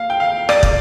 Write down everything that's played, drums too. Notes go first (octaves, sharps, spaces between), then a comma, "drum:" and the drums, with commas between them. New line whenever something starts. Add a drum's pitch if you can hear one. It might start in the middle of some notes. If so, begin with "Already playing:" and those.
Already playing: A#3 F5
G5
F5
D5, drum: rim click
drum: kick